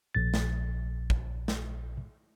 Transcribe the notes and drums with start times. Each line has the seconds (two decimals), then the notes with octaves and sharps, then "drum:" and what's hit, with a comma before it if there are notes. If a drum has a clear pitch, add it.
0.15 A#1 A6
0.34 drum: snare
1.10 drum: kick
1.48 drum: snare